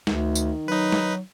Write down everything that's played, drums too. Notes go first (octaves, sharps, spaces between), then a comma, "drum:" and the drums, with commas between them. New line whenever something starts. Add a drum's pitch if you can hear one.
D2 D#3, drum: snare
drum: tambourine
F#3 D#4 B4
drum: snare